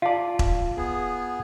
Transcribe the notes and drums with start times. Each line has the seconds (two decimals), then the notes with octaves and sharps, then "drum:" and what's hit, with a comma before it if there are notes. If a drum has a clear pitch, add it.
0.02 F4 D5 F5 A5
0.39 drum: kick E1
0.77 B3 G#4